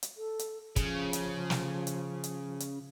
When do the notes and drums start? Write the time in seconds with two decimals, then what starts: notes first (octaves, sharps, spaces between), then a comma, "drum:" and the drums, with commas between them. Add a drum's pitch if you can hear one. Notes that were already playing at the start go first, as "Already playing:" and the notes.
0.03 drum: hi-hat
0.17 A4
0.39 drum: hi-hat
0.76 C#3 F3, drum: kick, hi-hat
1.13 drum: hi-hat
1.50 drum: snare
1.87 drum: hi-hat
2.24 drum: hi-hat
2.60 drum: hi-hat